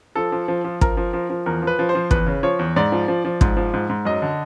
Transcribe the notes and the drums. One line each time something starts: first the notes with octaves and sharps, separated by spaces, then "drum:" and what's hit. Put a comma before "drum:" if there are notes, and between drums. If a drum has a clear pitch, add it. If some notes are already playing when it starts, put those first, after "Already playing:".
F3 A4
F3
F3
F3
F3 A#4, drum: kick
F3
F3
F3
E2 A#4
F3
B4
F3
C5
F3
E2 B4, drum: kick
C#3
F3 C#5
E2
G#2 D5
F3
F3
F3
G#2, drum: kick
F3
G#2
G#2
F#2 D#5
D3